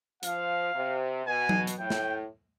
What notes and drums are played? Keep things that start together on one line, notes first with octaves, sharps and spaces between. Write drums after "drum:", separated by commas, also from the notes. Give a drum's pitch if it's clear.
F3 F5, drum: hi-hat
C3
B2 G#5
drum: tom F#3
drum: hi-hat
A2 G5
drum: snare